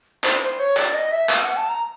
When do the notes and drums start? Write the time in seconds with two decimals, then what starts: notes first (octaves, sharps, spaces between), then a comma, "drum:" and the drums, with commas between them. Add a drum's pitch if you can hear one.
0.24 C5, drum: clap
0.42 C5
0.59 C#5
0.77 D5, drum: clap
0.94 D#5
1.12 E5
1.29 F5, drum: clap
1.43 F#5
1.57 A5
1.69 A#5